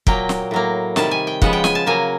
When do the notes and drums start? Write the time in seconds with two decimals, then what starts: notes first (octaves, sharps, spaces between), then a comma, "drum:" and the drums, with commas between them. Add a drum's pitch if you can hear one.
0.07 A#2 F#3 A#3 G5, drum: kick
0.29 drum: snare
0.51 A2 F#3 A#3
0.96 C3 D#3 G3 A5, drum: snare
1.11 G#5
1.27 G5
1.42 C#3 F3 G#3 B3 F#5, drum: kick
1.53 G5
1.64 G#5, drum: snare
1.75 A5
1.86 C#3 F#3 A#3 G#5